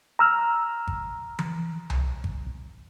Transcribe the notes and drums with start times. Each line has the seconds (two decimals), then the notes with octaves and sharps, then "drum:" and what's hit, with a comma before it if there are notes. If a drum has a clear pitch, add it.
0.19 A#5 E6 F6
0.87 drum: kick G#1
1.39 drum: tom E3
1.90 drum: tom C2
2.24 drum: kick G#1